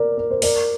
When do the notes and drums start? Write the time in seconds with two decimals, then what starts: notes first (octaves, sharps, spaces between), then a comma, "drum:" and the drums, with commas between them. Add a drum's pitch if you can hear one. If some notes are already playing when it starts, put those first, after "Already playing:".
Already playing: A#4 D5
0.17 A#4
0.31 C5
0.42 A#4 D5, drum: open hi-hat